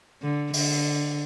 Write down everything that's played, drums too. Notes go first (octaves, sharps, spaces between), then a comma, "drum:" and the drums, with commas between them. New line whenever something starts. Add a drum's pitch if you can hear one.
D3
D3, drum: open hi-hat